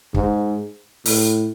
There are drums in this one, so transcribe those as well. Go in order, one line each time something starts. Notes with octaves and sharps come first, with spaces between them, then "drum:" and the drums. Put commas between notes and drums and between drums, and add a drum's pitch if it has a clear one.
G#2, drum: kick
A2, drum: open hi-hat